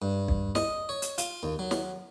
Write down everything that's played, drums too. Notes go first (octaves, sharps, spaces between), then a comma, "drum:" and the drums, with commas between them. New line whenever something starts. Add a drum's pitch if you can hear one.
G2
drum: kick B1
D#5, drum: snare
C#5
drum: hi-hat
F4, drum: hi-hat
D#2
F#3
drum: snare